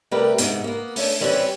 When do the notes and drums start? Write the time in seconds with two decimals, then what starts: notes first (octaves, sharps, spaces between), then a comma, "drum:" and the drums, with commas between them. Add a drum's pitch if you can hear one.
0.11 C3 G3 A3 G4 A#4 B4
0.38 G#2 C3 B3, drum: hi-hat
0.64 A#3 B3
0.96 A3 C#4 D4, drum: open hi-hat
1.21 E3 G3 C4 C#4 F#4 B4